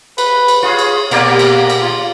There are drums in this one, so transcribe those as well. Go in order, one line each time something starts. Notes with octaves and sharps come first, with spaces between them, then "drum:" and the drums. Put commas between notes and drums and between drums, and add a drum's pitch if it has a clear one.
B4, drum: cymbal
drum: cymbal
F4 G#4 C#5
drum: cymbal
A#2 A#3 G4 D5, drum: cymbal
drum: cymbal
drum: cymbal
F4